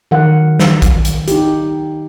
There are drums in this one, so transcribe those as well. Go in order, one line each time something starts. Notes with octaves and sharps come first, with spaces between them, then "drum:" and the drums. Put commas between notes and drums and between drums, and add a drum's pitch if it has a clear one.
D#3 F#3 A#4 F#5
drum: snare
drum: kick A#1, hi-hat
drum: hi-hat
D#4 G4, drum: hi-hat